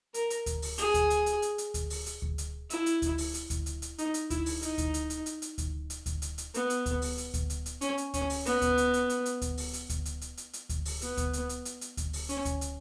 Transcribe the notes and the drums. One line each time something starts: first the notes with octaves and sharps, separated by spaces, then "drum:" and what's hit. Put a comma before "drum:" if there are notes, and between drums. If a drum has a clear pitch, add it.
A#4, drum: hi-hat
drum: hi-hat
drum: kick D2, hi-hat
drum: open hi-hat
G#4, drum: hi-hat
drum: kick D2, hi-hat
drum: hi-hat
drum: hi-hat
drum: hi-hat
drum: hi-hat
drum: kick D2, hi-hat
drum: open hi-hat
drum: hi-hat
drum: kick D2
drum: hi-hat
E4, drum: hi-hat
drum: hi-hat
drum: kick D2, hi-hat
drum: open hi-hat
drum: hi-hat
drum: kick D2, hi-hat
drum: hi-hat
drum: hi-hat
D#4, drum: hi-hat
drum: hi-hat
E4, drum: kick D2, hi-hat
drum: open hi-hat
D#4, drum: hi-hat
drum: kick D2, hi-hat
drum: hi-hat
drum: hi-hat
drum: hi-hat
drum: hi-hat
drum: kick D2, hi-hat
drum: hi-hat
drum: kick D2, hi-hat
drum: hi-hat
drum: hi-hat
B3, drum: hi-hat
drum: hi-hat
drum: kick D2, hi-hat
drum: open hi-hat
drum: hi-hat
drum: kick D2, hi-hat
drum: hi-hat
drum: hi-hat
C#4, drum: hi-hat
drum: hi-hat
C#4, drum: kick D2, hi-hat
drum: open hi-hat
B3, drum: hi-hat
drum: kick D2, hi-hat
drum: hi-hat
drum: hi-hat
drum: hi-hat
drum: hi-hat
drum: kick D2, hi-hat
drum: open hi-hat
drum: hi-hat
drum: kick D2, hi-hat
drum: hi-hat
drum: hi-hat
drum: hi-hat
drum: hi-hat
drum: kick D2, hi-hat
drum: open hi-hat
B3, drum: hi-hat
drum: kick D2, hi-hat
drum: hi-hat
drum: hi-hat
drum: hi-hat
drum: hi-hat
drum: kick D2, hi-hat
drum: open hi-hat
C#4, drum: hi-hat
drum: kick D2, hi-hat
drum: hi-hat